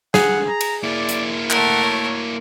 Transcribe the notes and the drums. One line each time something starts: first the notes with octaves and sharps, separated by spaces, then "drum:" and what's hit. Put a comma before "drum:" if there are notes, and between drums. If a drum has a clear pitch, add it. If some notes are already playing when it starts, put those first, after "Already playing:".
G#4 F#5, drum: snare
A#5
drum: cymbal
A#3 E4 D5
drum: hi-hat
A3 A#4 F#5, drum: clap
C#5